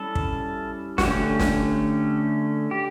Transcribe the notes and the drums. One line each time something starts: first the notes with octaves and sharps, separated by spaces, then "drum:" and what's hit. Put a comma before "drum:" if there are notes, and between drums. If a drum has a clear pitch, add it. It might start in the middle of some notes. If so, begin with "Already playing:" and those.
Already playing: G3 C#4 E4 A4
drum: kick
F#4, drum: snare
D3 A3 C#4 G4
drum: snare
G4